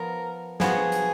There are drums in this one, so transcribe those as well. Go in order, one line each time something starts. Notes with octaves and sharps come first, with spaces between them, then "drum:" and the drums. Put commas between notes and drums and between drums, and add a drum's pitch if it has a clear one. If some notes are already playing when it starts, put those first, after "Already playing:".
Already playing: F3 B3 A#4
F3 B3 F#4 G#4, drum: snare
drum: hi-hat